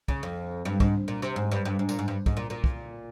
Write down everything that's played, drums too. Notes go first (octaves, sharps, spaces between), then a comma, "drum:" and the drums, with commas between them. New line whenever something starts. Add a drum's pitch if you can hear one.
C#3, drum: kick
F2
G2
G#2, drum: kick
A#2
C3
G#2
G2
G2
G#2
A#2, drum: tambourine
G#2
G2
G#2, drum: kick
A#2
A#2
drum: kick